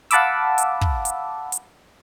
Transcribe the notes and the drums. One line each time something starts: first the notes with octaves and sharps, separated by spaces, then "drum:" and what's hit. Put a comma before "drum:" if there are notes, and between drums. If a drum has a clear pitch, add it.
F5 F#5 A5 B5 D6 E6, drum: hi-hat
drum: hi-hat
drum: kick
drum: hi-hat
drum: hi-hat